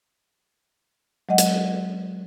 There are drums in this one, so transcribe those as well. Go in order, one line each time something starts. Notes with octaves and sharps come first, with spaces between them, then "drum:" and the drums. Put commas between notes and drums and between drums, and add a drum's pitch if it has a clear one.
F#3 G#3 D#5 F#5
drum: hi-hat